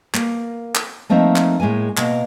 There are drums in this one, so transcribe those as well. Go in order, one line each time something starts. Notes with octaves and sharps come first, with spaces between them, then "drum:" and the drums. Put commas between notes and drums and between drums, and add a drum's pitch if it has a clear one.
A#3, drum: clap
drum: clap
F3 A3 A#3 C4 D#4 E5
drum: clap
A2 G#3 A#3 G#5
B2 A#3, drum: clap